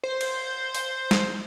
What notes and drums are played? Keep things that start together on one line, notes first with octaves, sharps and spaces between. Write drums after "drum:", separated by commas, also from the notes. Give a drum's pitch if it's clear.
C5
drum: cymbal
drum: open hi-hat
drum: snare